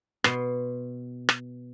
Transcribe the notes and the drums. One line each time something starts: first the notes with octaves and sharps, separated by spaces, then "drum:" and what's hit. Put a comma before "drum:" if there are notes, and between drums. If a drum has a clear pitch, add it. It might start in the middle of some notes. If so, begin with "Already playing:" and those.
B2 C6, drum: rim click
drum: rim click